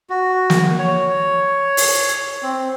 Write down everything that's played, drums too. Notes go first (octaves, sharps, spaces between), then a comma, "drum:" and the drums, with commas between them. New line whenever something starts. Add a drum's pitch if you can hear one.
F#4
drum: snare
C#5
drum: open hi-hat
C4